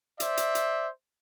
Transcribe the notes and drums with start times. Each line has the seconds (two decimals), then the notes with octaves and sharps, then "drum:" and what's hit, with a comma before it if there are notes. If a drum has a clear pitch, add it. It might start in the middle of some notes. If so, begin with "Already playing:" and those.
0.20 C5 D5 E5, drum: hi-hat
0.37 drum: hi-hat
0.55 drum: hi-hat